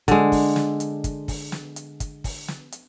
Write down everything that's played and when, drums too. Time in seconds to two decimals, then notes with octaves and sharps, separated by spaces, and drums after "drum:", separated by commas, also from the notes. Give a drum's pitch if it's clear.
0.08 D3 G#3, drum: kick, hi-hat
0.32 drum: kick, open hi-hat
0.56 drum: snare
0.80 drum: hi-hat
1.04 drum: kick, hi-hat
1.28 drum: kick, open hi-hat
1.52 drum: snare
1.76 drum: hi-hat
2.00 drum: kick, hi-hat
2.24 drum: kick, open hi-hat
2.48 drum: snare
2.72 drum: hi-hat